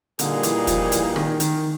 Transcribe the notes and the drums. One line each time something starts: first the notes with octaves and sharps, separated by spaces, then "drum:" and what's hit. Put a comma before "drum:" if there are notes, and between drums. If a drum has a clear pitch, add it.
A#2 D3 G3 A#3 D#4 G#4, drum: hi-hat
E3, drum: hi-hat
F3, drum: kick, hi-hat
E3, drum: hi-hat
D#3, drum: rim click
D#3, drum: hi-hat